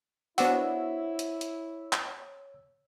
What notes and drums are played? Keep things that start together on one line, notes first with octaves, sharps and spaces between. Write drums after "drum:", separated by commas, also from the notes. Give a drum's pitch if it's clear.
B3 D4 E4 F#4 C5 C#5 F#5 E6, drum: open hi-hat
drum: hi-hat
drum: hi-hat
drum: clap